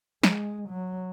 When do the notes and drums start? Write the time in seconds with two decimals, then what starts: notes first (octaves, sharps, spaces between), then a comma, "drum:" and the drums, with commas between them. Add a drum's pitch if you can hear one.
0.24 G#3, drum: snare
0.69 F#3